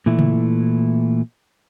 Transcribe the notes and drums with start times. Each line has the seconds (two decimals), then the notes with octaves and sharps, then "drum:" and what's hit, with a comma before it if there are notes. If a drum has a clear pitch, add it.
0.06 A#2 E3 A3 E4
0.19 drum: tom C#3